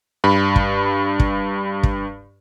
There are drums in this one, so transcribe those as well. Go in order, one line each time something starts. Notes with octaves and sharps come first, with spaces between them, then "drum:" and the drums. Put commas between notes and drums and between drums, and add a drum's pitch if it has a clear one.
G2 B5
drum: kick
drum: kick
drum: kick